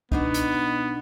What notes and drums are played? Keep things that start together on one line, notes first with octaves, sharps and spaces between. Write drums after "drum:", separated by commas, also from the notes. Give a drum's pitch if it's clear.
B2 B3 D4 D#4, drum: kick
drum: hi-hat